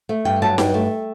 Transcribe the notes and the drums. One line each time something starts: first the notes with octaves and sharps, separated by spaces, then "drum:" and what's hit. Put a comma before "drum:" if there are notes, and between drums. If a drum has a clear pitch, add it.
A3
G2 G5
F#3 A5
G2 G5, drum: snare D#4
A3